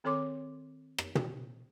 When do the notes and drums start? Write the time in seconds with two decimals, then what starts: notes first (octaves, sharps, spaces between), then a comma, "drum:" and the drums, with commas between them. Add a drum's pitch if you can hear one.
0.04 D#3 C4 A4 C#5 C6 D6
0.98 drum: rim click
1.15 drum: tom